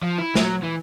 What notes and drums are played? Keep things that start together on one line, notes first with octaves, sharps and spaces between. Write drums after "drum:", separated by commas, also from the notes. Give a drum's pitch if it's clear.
F3
E4
F#3, drum: snare
E3